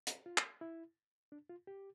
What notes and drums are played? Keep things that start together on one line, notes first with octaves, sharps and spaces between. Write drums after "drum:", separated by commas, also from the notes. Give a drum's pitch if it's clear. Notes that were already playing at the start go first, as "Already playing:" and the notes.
drum: hi-hat
F4
drum: clap
E4
D4
F4
G4